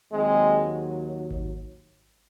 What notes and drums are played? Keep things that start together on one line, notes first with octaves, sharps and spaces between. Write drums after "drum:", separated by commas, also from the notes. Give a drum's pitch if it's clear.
D#2 D#3 F#3 G#3 C4
drum: kick G#1